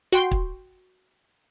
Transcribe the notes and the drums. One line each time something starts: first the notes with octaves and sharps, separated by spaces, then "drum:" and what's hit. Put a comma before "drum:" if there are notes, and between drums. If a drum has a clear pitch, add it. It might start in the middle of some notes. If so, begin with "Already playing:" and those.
F#4 G5 C6
drum: kick